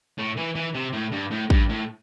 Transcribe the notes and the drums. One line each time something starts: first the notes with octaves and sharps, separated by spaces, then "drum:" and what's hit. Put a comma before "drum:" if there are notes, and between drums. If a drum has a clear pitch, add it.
A2
E3
E3
C3
A2
G2
A2
G2, drum: kick
A2